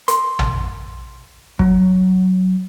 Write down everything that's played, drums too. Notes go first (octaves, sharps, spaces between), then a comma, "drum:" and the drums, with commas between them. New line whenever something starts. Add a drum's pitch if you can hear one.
C6, drum: hi-hat
drum: tom
F#3, drum: kick